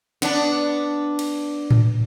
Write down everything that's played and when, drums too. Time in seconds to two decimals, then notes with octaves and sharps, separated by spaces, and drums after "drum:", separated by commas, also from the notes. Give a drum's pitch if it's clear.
0.22 B3 D4, drum: snare
1.19 drum: cymbal
1.71 drum: tom A2